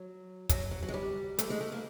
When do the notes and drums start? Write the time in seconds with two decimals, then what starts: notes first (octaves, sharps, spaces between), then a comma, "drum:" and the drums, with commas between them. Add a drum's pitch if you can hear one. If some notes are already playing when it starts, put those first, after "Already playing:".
Already playing: F#3
0.49 F#3, drum: kick, hi-hat
0.71 F#3
0.83 F#3
0.88 G#3
0.94 G3
1.39 A3, drum: hi-hat
1.50 G#3
1.61 A3
1.72 A#3